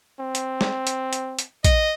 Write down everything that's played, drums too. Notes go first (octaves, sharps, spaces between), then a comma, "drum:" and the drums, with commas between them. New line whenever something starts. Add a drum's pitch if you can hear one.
C4
drum: hi-hat
drum: snare
drum: hi-hat
drum: hi-hat
drum: hi-hat
D#5, drum: kick, hi-hat